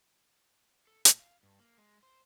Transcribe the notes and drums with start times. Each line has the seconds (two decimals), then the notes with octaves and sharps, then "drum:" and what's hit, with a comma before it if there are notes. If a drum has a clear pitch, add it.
0.87 A4
1.05 A2, drum: hi-hat
1.20 F5
1.43 G2
1.59 A#3
1.78 G#3
2.03 C5